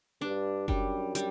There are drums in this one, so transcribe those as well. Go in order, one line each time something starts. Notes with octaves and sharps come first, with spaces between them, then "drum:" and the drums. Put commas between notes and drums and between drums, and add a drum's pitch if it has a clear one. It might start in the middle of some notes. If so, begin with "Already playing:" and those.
G2 D4
F#2 G3, drum: kick F#1
G3, drum: hi-hat